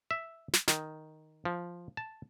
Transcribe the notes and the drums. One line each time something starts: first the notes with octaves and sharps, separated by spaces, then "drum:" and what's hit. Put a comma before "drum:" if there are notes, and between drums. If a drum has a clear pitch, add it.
E5
drum: snare
D#3, drum: snare
F3
A5